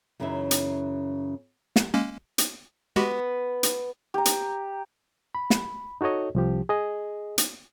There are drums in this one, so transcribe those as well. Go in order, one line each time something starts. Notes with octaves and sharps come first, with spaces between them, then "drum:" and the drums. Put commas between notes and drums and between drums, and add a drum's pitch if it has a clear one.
F#2 C#3 E3 C#4 D#4 E4
drum: hi-hat
drum: snare
G#3 A#3 C#4
drum: hi-hat
G#3 B3 F#4 G4
drum: hi-hat
G4 A#5
drum: hi-hat
B5
drum: snare
D#4 F#4 A4 C#5 D#5
C2 F3 G4
G#4 D#5
drum: hi-hat